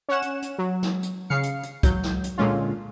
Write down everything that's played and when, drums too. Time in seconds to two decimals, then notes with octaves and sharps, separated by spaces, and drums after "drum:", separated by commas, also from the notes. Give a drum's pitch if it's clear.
0.09 C#4 C#5 F#5 E7
0.22 drum: hi-hat
0.42 drum: hi-hat
0.59 F#3
0.83 drum: snare
1.03 drum: hi-hat
1.30 C#3 F5 C7 C#7
1.43 drum: hi-hat
1.63 drum: hi-hat
1.83 F#3 G6, drum: kick, hi-hat
2.03 drum: snare
2.24 drum: hi-hat
2.38 A#2 D3 G#3 C#4 F4